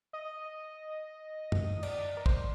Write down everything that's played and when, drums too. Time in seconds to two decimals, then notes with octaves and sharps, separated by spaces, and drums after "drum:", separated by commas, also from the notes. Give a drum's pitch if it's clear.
0.13 D#5
1.52 drum: tom F#2
1.83 D5, drum: cymbal
2.17 A#4
2.26 C5, drum: kick